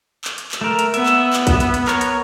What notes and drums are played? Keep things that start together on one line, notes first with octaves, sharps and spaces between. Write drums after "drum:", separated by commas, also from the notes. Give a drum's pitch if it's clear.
drum: clap
drum: hi-hat
drum: clap
A3 A#4
drum: hi-hat
B3 E5, drum: hi-hat
drum: clap
drum: clap
drum: kick, hi-hat
drum: hi-hat
drum: hi-hat
A#4 C#5, drum: clap
drum: hi-hat